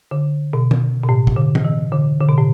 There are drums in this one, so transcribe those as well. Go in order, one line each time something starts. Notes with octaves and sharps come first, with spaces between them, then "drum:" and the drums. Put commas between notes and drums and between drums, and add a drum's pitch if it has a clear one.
D3
B2
drum: tom
B2
A2
drum: kick
D3
drum: tom
E3
D3
D3
B2
A2